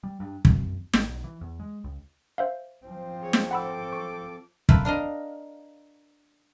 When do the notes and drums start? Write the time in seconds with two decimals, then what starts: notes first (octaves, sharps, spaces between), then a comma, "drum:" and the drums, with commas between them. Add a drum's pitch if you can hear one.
0.03 G3
0.20 G2
0.45 F#2, drum: kick
0.94 G#1, drum: snare
1.08 B1
1.24 E3
1.41 E2
1.60 G#3
1.84 C#2
2.38 C5 E5 F5
2.86 F3 C4
3.20 G#4 C#5
3.33 drum: snare
3.51 A4 F#5 B5 D6 E6
3.93 C#6
4.69 A3 F4 A#4 B4 E5, drum: kick
4.85 D4 A#4 D#5 F5